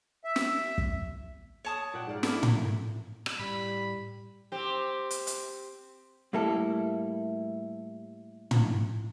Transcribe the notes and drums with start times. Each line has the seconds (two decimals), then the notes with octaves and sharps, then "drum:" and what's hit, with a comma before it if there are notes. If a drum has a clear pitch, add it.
0.24 E5
0.36 drum: snare
0.78 drum: kick
1.65 C#5 A5 D#6
1.94 A#2 F#5 G5
2.07 G#2 D5 F5
2.23 A3 E4 A4 A#4 D6, drum: snare
2.43 drum: tom
3.26 drum: rim click
3.39 A2 G3 B5
4.52 C4 G4
5.11 drum: hi-hat
5.27 drum: hi-hat
6.33 A2 G3 A#3 E4 A4
8.51 drum: tom